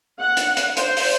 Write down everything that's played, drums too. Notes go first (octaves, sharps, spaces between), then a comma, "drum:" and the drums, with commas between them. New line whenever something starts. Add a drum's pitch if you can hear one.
F#5
drum: hi-hat
drum: hi-hat
C5, drum: hi-hat
drum: open hi-hat